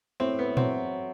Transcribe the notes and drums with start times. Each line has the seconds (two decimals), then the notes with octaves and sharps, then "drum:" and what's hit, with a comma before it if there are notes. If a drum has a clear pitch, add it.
0.20 A2 C4
0.39 B3
0.57 F#3 C4, drum: tom A#2